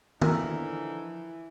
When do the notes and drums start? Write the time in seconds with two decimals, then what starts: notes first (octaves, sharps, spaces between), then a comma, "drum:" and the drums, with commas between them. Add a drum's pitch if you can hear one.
0.21 D3 E3 F3 D#4 A#4 E5, drum: tom D#3